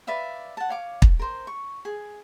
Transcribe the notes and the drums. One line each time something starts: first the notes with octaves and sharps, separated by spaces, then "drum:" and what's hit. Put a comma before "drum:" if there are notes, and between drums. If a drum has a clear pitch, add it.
B4 D5 E5 F5
F#5 A5
C#5 F5 D6
drum: kick
A#4 C5
C#6
G#4